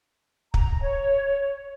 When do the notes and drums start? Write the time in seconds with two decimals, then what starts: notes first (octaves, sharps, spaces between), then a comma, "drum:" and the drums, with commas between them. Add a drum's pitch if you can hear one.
0.54 A#5, drum: kick
0.83 C#5